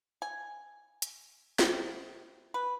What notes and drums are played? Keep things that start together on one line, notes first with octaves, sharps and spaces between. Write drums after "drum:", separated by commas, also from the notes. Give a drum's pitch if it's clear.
G#5
drum: hi-hat
C3, drum: snare
B4